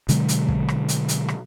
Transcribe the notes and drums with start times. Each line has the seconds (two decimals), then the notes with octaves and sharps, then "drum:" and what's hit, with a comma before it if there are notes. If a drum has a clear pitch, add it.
0.09 B2 D3 F#3 G#3, drum: hi-hat
0.29 drum: hi-hat
0.48 drum: kick
0.68 drum: rim click
0.88 drum: hi-hat
1.08 drum: hi-hat
1.28 drum: rim click